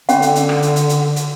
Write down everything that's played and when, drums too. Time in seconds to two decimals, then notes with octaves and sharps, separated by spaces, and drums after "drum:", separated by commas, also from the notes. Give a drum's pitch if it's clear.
0.09 D3 C#4 F#5, drum: hi-hat
0.22 drum: hi-hat
0.36 drum: hi-hat
0.49 drum: rim click
0.62 drum: hi-hat
0.76 drum: hi-hat
0.89 drum: hi-hat
1.16 drum: hi-hat